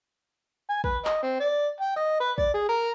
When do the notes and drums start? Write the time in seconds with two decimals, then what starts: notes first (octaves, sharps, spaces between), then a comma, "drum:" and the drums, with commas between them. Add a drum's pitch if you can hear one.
0.70 G#5
0.84 B4, drum: kick
1.05 D#5, drum: clap
1.23 C4
1.40 D5
1.80 G5
1.96 D#5
2.20 B4
2.38 D5, drum: kick
2.54 G#4
2.69 A#4